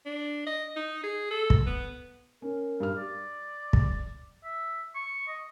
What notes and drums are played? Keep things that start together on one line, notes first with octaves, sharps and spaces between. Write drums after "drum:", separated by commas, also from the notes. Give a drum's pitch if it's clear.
D4
D#5
D#4
G#4
A4
drum: kick
B3
C#4 A#4
G2 F6
D5
drum: kick
E5
C#6
D#5